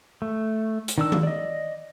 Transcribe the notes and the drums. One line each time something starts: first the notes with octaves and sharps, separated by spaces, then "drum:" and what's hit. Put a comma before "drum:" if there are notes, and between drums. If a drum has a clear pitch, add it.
A3
drum: hi-hat
D#3 D4 E6
drum: tom D#3
D5 D#5